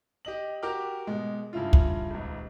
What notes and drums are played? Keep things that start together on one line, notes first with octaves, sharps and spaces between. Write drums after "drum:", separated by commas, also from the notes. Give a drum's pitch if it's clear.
G4 D#5 F#7
F#4 G4 A#4 G5 D6 F6
B2 G#3
G2 C#3 E4 F4
drum: kick
D#1 C#2